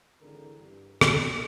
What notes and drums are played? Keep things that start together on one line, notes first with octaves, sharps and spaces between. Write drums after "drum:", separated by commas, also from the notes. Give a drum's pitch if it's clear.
G#1 D3 E3 A#4
G2
A1 C4 D4, drum: rim click